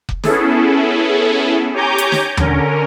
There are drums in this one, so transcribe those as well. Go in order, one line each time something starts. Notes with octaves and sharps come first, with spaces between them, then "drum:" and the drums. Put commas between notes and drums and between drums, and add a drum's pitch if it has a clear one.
drum: kick F1
B3 C#4 E4 G#4 A4, drum: snare
G4 C#5 G#5 A#5 D6 G6
drum: hi-hat
drum: snare
D3 C#4 A#4, drum: tom D#2